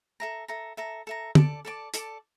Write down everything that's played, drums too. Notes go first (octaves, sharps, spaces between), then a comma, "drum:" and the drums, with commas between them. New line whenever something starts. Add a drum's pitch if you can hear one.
A4 E5 A#5
A4 E5 A#5
A4 E5 A#5
A4 E5 A#5
A4 D5 A5 D6, drum: tom
A4 D5 A5 D6
A4 D5 A5 D6, drum: hi-hat